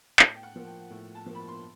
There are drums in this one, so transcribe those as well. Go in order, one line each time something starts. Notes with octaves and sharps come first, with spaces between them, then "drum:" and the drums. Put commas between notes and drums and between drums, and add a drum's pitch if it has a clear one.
A2 A5, drum: clap
G5
F#5
F3 A#3
G5
A2
A5
F3 A#3
B5
C6